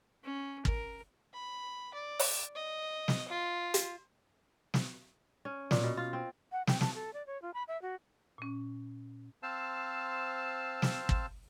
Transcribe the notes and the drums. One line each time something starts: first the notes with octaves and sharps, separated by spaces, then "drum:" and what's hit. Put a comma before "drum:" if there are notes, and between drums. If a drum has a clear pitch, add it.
C#4
A#4, drum: kick
B5
D5
drum: open hi-hat
D#5
drum: snare
F4
drum: hi-hat
drum: snare
C#4
A#2, drum: snare
B2
F4
C4
F#5
G5, drum: snare
A5, drum: snare
A4
D5
C#5
F4
B5
E5
F#4
A#2 C#4
C4 C5 F5 A5 E6
drum: snare
drum: kick